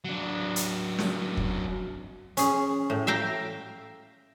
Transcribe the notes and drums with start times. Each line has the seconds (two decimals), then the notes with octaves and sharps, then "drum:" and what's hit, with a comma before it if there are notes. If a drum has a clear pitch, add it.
0.05 F#3 D4
0.56 drum: hi-hat
0.98 drum: snare
1.37 drum: kick
2.37 C#4 G#4, drum: hi-hat
2.90 A2
3.07 E5 F5 G5 A#5